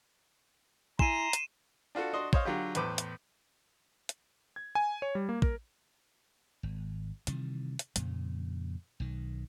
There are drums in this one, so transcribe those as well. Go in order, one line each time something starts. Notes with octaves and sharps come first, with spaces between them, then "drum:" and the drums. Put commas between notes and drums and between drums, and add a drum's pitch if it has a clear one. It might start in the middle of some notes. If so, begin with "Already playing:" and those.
E4 G#5 A#5 C6 D#7 E7, drum: kick
drum: hi-hat
D4 F4 F#4 A4
D4 F#4 D#5 C6
C5 C#5 D#5 F5, drum: kick
D3 F#3 F4 G4
E2 A2 B4 C5 D6, drum: hi-hat
drum: hi-hat
drum: hi-hat
G#6
G#5
C#5
G3
A#3
A#4, drum: kick
G#1
C3 D#3 E3 G3, drum: hi-hat
drum: hi-hat
F2 A#2 C#3, drum: hi-hat
B1 D#3